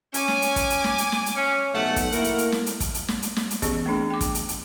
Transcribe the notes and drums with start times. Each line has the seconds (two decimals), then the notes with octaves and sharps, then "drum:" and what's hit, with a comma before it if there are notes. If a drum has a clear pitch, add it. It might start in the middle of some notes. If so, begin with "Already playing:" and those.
0.14 C#4 G#5 D6, drum: hi-hat
0.28 drum: snare
0.42 drum: hi-hat
0.56 drum: kick, hi-hat
0.70 drum: hi-hat
0.84 drum: snare
0.98 drum: hi-hat
1.12 drum: snare
1.26 drum: hi-hat
1.36 C#4
1.74 B1 C3 A3 F#5
1.96 drum: kick, hi-hat
2.12 A3 A#3 E4 A#4, drum: hi-hat
2.24 drum: hi-hat
2.38 drum: hi-hat
2.52 drum: snare
2.66 drum: hi-hat
2.80 drum: kick, hi-hat
2.94 drum: hi-hat
3.08 drum: snare
3.22 drum: hi-hat
3.36 drum: snare
3.50 drum: hi-hat
3.62 E3 B3 C#4 G4 G#4 D#5, drum: kick, hi-hat
3.86 A3 C4 D4 G#4
4.10 G5 D6
4.21 drum: kick, hi-hat
4.35 drum: hi-hat
4.49 drum: hi-hat